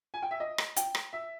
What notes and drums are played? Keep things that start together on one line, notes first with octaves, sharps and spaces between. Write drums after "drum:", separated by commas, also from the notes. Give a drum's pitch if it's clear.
G#5
G5
E5
D#5
drum: rim click
G5, drum: hi-hat
drum: rim click
E5